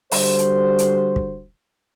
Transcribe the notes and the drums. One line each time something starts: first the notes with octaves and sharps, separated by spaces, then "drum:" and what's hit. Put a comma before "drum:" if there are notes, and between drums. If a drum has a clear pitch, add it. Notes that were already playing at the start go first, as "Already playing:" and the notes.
D3 G3 F#4 C5, drum: open hi-hat
drum: hi-hat
drum: hi-hat
drum: kick